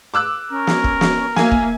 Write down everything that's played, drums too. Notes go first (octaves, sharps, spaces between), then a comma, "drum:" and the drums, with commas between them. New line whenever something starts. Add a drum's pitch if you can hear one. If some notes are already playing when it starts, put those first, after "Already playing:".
D6 E6 F#6
C#4 A#4
drum: snare
drum: kick
drum: snare
A#3 E5 G#5, drum: snare
drum: kick